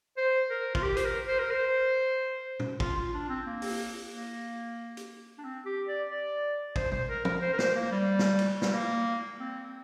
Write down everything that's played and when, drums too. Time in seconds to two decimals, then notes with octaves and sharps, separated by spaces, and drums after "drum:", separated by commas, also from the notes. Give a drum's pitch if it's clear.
0.17 C5
0.50 A#4
0.75 F4, drum: kick
0.82 G4
0.97 C5, drum: hi-hat
1.05 A#4
1.27 C5
1.39 A#4
1.51 C5
2.60 drum: tom
2.80 F4, drum: kick
2.97 F4
3.13 D4
3.29 C4
3.46 A#3
3.62 drum: open hi-hat
4.13 A#3
4.97 drum: hi-hat
5.38 D4
5.44 C4
5.65 G4
5.88 D5
6.10 D5
6.76 C5, drum: kick
6.92 C5, drum: tom
7.09 A#4
7.25 A#4, drum: tom
7.42 C5
7.53 A#4
7.59 C5, drum: snare
7.75 A#3
7.91 G3
8.19 drum: snare
8.39 drum: cymbal
8.62 G3, drum: snare
8.73 A#3
9.40 C4